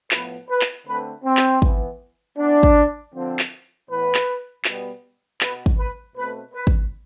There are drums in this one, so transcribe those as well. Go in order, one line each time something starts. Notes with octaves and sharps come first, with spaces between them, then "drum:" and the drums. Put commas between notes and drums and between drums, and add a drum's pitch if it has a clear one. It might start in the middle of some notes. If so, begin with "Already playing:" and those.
A2 F3 B3 B4, drum: clap
B4
drum: clap
D3 A3 C4 B4
C4
drum: clap
E3 B3, drum: kick
E3 B3 D4
drum: kick
D3 F3 C4
drum: clap
A2 E3 B3 B4
drum: clap
B2 G3 B3, drum: clap
B2 B3 B4, drum: clap
drum: kick
B4
B2 A3 C4 B4
B4
drum: kick